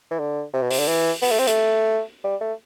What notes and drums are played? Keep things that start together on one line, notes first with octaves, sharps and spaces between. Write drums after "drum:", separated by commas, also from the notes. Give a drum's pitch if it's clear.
E3
D3
C3
B2
C3, drum: open hi-hat
D3
E3
B3, drum: open hi-hat
A3
C4
A3, drum: hi-hat
G3
A3